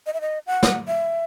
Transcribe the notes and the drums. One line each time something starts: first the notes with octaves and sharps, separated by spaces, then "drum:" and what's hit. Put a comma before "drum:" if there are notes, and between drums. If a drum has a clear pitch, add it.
D#5
E5
D#5
F#5
drum: snare
E5